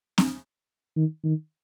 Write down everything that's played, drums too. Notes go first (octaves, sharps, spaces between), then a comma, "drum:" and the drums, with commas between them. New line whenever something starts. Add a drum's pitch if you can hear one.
drum: snare C4
D#3
D#3